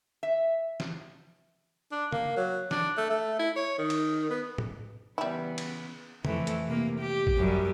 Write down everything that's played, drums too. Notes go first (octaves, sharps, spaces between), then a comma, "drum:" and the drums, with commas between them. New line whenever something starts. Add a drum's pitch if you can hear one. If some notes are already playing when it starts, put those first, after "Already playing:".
E5
drum: snare
D4
A#3, drum: tom C#3
F#3
D4, drum: snare
A3
A3
E4
C#5
D#3
drum: cymbal
B3
drum: tom A2
C#3 E3 G3 B3 E4
drum: cymbal
F2 E3 A3, drum: tom C#3
drum: hi-hat
C3 A#3
G4
drum: kick G#1
F#2 G3